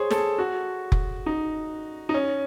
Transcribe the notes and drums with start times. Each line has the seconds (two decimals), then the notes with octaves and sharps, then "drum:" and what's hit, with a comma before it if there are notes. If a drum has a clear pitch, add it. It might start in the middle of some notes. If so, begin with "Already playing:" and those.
Already playing: G#4 C5 C#5
0.11 A4, drum: snare
0.16 G#4
0.38 F#4
0.92 drum: kick F1
1.26 D#4
2.09 D#4
2.14 C#4